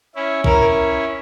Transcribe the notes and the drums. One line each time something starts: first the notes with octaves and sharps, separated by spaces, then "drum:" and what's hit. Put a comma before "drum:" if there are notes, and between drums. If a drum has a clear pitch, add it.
C#4 E4
C#4 E4 A#4, drum: kick A#1